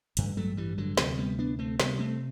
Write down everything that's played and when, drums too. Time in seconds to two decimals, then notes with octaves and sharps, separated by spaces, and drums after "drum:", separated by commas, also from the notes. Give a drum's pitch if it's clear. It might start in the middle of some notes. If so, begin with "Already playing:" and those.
0.17 A1 G2 D3, drum: hi-hat
0.37 F#3 A3
0.57 E3 G3
0.78 D3 F#3
0.97 D2 C3 F#3 A3, drum: snare
1.18 G3 B3
1.39 B3 D4
1.59 A3 C4
1.80 D2 C3 G3 B3, drum: snare
1.99 A3 C4